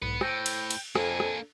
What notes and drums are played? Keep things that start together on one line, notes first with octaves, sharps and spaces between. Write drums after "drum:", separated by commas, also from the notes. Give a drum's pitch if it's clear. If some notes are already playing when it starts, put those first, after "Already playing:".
B1 G#2 B3 B4 C#7
A2 C5 G5 E6 A#6, drum: rim click
drum: cymbal
drum: cymbal
F2 A#3 D4 A4 G#5, drum: rim click
drum: rim click